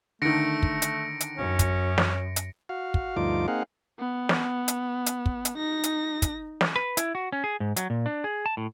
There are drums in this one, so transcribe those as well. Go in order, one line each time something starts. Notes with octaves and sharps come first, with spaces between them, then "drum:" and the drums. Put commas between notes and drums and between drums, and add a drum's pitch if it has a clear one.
D3 D#3 A3 A#6 C#7 D7
drum: kick
drum: hi-hat
drum: hi-hat
F#2 C#4
drum: kick, hi-hat
drum: snare
drum: hi-hat
F#4 F5
drum: kick
D2 G2 F3 D#4 F4 D6
A#3 C4 D#4 G#4 F5 F#5
B3
drum: snare
drum: hi-hat
drum: hi-hat
drum: kick
drum: hi-hat
D#4 A#6
drum: hi-hat
drum: kick, hi-hat
drum: snare
B4
E4, drum: hi-hat
F#4
C#4
G#4
G#2
F#3, drum: hi-hat
A#2
D4
G#4
A5
A2